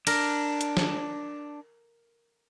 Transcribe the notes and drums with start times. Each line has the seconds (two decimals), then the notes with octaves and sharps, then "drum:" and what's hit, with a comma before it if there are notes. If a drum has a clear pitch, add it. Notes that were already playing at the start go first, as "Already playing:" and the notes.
0.07 D4 A#4, drum: cymbal
0.61 drum: hi-hat
0.77 drum: snare